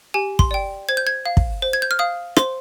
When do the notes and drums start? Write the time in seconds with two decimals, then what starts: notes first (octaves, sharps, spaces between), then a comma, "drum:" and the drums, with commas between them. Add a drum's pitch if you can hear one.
0.14 G4 G#5
0.39 C6, drum: kick
0.51 D5 G5
0.89 C5 G#6
0.97 G6
1.07 G#6
1.26 F5
1.37 drum: kick
1.62 C5
1.73 G#6
1.82 G6
1.91 F6
1.99 F5 D#6
2.37 C5 C6, drum: rim click